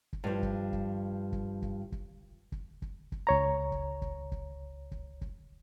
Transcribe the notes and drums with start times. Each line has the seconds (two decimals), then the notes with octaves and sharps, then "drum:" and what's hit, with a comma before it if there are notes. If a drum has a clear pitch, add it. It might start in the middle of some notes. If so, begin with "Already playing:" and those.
0.13 drum: kick
0.24 G2 F3
0.43 drum: kick
0.73 drum: kick
1.32 drum: kick
1.62 drum: kick
1.92 drum: kick
2.52 drum: kick
2.82 drum: kick
3.12 drum: kick
3.27 C#2 C#5 A#5
3.72 drum: kick
4.02 drum: kick
4.32 drum: kick
4.91 drum: kick
5.21 drum: kick